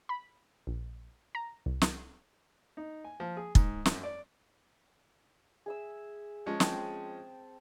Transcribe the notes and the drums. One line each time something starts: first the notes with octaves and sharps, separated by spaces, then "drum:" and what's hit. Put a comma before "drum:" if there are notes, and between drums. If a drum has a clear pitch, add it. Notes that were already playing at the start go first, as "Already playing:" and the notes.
B5
A#1
A#5
C2
drum: snare
D#4
G#5
F3
G#4
G#2, drum: kick
F#2, drum: snare
D5
G#4 E5 E6
F3 G#3 C#4 A5
C4 G5 A5, drum: snare